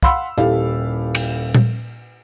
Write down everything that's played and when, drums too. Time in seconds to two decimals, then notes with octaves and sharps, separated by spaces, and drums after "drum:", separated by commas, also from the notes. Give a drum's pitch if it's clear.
0.03 F5 F#5 B5 C6 E6, drum: kick
0.37 D#1 E4 G4 A4 F5
1.15 drum: cymbal
1.55 drum: tom A#2